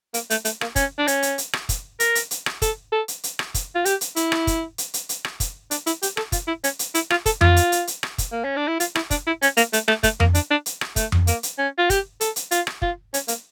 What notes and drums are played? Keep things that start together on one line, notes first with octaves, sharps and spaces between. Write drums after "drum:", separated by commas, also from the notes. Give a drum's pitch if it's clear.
A#3, drum: hi-hat
A3, drum: hi-hat
A3, drum: hi-hat
A#3, drum: rim click
C#4, drum: kick, hi-hat
D4
C#4, drum: hi-hat
drum: hi-hat
drum: hi-hat
drum: rim click
drum: kick, hi-hat
A#4, drum: hi-hat
drum: hi-hat
drum: hi-hat
drum: rim click
A4, drum: kick, hi-hat
A4
drum: hi-hat
drum: hi-hat
drum: rim click
drum: kick, hi-hat
F4
G4, drum: hi-hat
drum: hi-hat
E4, drum: hi-hat
drum: rim click
drum: kick, hi-hat
drum: hi-hat
drum: hi-hat
drum: hi-hat
drum: rim click
drum: kick, hi-hat
D4, drum: hi-hat
E4, drum: hi-hat
G4, drum: hi-hat
A4, drum: rim click
F4, drum: kick, hi-hat
E4
C#4, drum: hi-hat
drum: hi-hat
E4, drum: hi-hat
F4, drum: rim click
A4, drum: kick, hi-hat
F4, drum: tom F2
drum: hi-hat
drum: hi-hat
drum: hi-hat
drum: rim click
drum: kick, hi-hat
A#3
C#4
D4
E4
F4, drum: hi-hat
E4, drum: rim click
D4, drum: kick, hi-hat
E4
C#4, drum: hi-hat
A#3, drum: hi-hat
A3, drum: hi-hat
A3, drum: rim click
A3, drum: kick, hi-hat
A#3, drum: tom F2
D4, drum: hi-hat
D4
drum: hi-hat
drum: rim click
A3, drum: kick, hi-hat
drum: tom F2
A#3, drum: hi-hat
drum: hi-hat
C#4
F4
G4, drum: kick, hi-hat
A4, drum: hi-hat
drum: hi-hat
F4, drum: hi-hat
drum: rim click
F4, drum: kick
C#4, drum: hi-hat
A#3, drum: hi-hat